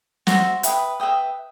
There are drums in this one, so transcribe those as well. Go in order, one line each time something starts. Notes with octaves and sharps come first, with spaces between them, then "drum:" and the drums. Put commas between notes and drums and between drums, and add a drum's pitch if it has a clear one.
F#4 C5 E5, drum: snare
B4 E5 G5 D#6, drum: hi-hat
B4 E5 G5 D#6